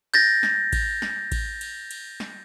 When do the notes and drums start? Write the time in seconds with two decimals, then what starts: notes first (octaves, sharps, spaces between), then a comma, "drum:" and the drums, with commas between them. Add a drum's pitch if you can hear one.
0.14 G6 A6 A#6, drum: cymbal
0.43 drum: snare
0.73 drum: kick A1, cymbal
1.02 drum: snare
1.32 drum: kick A1, cymbal
1.61 drum: cymbal
1.91 drum: cymbal
2.20 drum: snare